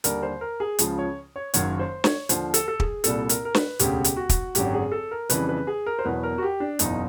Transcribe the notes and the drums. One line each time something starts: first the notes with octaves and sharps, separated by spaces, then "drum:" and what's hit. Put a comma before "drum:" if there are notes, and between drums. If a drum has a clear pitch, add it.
D#2 D3 G3 A#4, drum: hi-hat
C5
A#4
G#4
C#2 C#3 F3 G#3, drum: hi-hat
C#5
C#5
F#1 F#2 D#3 F#3 C#5, drum: hi-hat
C5
C#5, drum: snare
D#2 D3 F3 C5, drum: hi-hat
A4, drum: hi-hat
A4
G#4, drum: kick
C2 A#2 G3 A4, drum: hi-hat
A#4, drum: hi-hat
A#4
B4, drum: snare
E1 D2 C#3 G4, drum: hi-hat
drum: hi-hat
F#4
drum: kick, hi-hat
G#1 F#2 D3 F#3 G4, drum: hi-hat
G#4
A4
A#4
F2 C#3 E3 G3 B4, drum: hi-hat
B4
G#4
A#4
C5
E2 B2 F#3 B4
A#4
F#4
G4
D4
F#1 E2 B2 D#4, drum: hi-hat